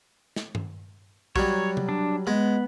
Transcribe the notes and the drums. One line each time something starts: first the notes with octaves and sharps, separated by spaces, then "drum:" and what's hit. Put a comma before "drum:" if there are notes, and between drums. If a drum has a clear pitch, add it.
drum: snare
drum: tom G2
F#3 G3 C#5, drum: kick
drum: tom C3
D4
G#3 B3